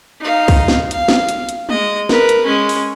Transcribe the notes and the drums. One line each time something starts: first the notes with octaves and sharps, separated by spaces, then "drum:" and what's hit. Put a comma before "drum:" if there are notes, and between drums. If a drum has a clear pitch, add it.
D#4 F5
drum: kick, open hi-hat
drum: snare
F5, drum: hi-hat
drum: snare
drum: hi-hat
drum: hi-hat
G#3 D#5, drum: tom G#3
A#4 B4, drum: snare
drum: hi-hat
G#3 C#4
drum: open hi-hat